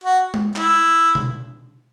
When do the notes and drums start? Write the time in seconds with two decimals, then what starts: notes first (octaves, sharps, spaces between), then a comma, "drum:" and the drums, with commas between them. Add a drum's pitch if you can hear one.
0.04 F#4
0.34 drum: tom G#3
0.56 E4, drum: clap
1.15 drum: tom B2